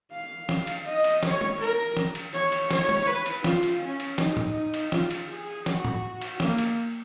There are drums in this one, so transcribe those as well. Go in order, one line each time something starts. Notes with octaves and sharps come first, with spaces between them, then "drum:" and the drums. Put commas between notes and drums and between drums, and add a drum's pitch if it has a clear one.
F5
drum: snare
drum: cymbal
D#5
drum: cymbal
C#5, drum: snare
drum: tom
A#4
drum: snare
drum: cymbal
C#5
drum: cymbal
C#5, drum: snare
drum: tom
B4
drum: cymbal
F4, drum: snare
drum: cymbal
C#4
drum: cymbal
D#4, drum: snare
drum: tom
drum: cymbal
F4, drum: snare
drum: cymbal
G#4
F#4, drum: snare
drum: tom
drum: cymbal
A#3, drum: snare
drum: cymbal